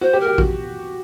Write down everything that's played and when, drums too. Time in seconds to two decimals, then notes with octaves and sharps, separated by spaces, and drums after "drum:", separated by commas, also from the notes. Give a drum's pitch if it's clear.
0.01 F#4 C5
0.13 G4
0.20 A#4
0.27 G4
0.38 F#4, drum: kick A1